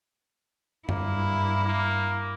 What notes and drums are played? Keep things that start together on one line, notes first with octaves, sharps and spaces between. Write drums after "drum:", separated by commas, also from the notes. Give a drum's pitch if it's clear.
G2 A#3 E4, drum: tom F#2
A#3